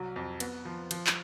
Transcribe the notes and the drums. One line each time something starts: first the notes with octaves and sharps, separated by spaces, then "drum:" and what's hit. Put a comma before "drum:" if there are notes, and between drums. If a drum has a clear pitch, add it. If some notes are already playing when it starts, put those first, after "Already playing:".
Already playing: C2 F#3
F2
B3, drum: cymbal
F3
F3, drum: cymbal
drum: clap